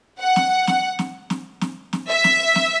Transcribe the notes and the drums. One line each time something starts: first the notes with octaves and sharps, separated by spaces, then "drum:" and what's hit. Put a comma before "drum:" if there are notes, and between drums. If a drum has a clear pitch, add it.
F#5
drum: snare
drum: snare
drum: snare
drum: snare
drum: snare
drum: snare
E5
drum: snare
drum: snare